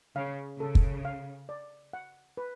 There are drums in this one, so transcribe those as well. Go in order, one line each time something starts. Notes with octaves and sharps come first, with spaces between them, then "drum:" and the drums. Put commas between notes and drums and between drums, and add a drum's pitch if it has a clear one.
C#3 F5
C#3 A4
drum: kick
F5
D5
F#5
B4